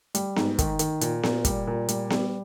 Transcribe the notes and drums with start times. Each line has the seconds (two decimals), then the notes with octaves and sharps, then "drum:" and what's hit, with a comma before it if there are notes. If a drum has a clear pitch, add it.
0.15 G3, drum: hi-hat
0.36 G#2, drum: snare B3
0.59 D#3, drum: kick, hi-hat
0.79 D#3, drum: hi-hat
1.01 A#2, drum: hi-hat
1.23 A#2, drum: snare B3
1.45 G3, drum: kick, hi-hat
1.67 A#2
1.88 G3, drum: hi-hat
2.10 G3, drum: snare B3